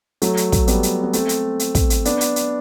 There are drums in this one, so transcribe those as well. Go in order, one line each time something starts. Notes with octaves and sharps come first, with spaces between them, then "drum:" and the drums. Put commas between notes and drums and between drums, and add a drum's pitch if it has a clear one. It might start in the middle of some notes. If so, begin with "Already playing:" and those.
F#3 A3, drum: hi-hat
drum: hi-hat
drum: kick, hi-hat
G3 B3, drum: hi-hat
drum: hi-hat
B3
A3 C4, drum: hi-hat
drum: hi-hat
drum: hi-hat
drum: kick, hi-hat
drum: hi-hat
B3 D4, drum: hi-hat
drum: hi-hat
drum: hi-hat